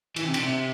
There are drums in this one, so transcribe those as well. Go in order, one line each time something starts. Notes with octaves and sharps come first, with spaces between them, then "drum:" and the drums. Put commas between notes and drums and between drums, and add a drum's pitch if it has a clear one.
E3, drum: cymbal
C3
D3, drum: cymbal
C3